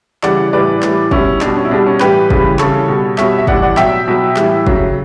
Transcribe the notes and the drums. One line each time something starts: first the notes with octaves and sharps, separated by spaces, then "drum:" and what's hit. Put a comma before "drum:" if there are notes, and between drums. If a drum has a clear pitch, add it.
C#3 E3 G3 D5 F#5, drum: clap
A2 E3 G3 B4 D5
A2 E3 G3, drum: clap
B2 G3 C#4 E4, drum: kick
B2 G3 D4, drum: clap
C#4
E4
B2 G3 D4
C#4
A2 E3 G3 G4 B4, drum: clap
C#3 E3 G3, drum: kick
C#3 E3 G3 A4 C#5, drum: clap
B2 G3
B2 G3 C#5 E5, drum: clap
E5
A2 E3 G3 D5 F#5, drum: kick
D5 F#5
B2 F#3 E5 G5, drum: clap
B2 F#3
A2 E3 G3, drum: clap
C#3 F#3, drum: kick